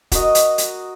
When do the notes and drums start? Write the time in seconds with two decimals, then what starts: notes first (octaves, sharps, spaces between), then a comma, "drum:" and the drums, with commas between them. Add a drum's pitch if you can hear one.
0.12 F#4 A#4 D#5, drum: kick, hi-hat
0.35 drum: hi-hat
0.58 drum: hi-hat